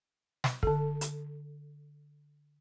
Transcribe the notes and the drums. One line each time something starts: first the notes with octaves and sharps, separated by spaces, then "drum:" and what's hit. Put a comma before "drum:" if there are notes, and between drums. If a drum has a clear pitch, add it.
drum: snare
D3 A4, drum: kick
drum: hi-hat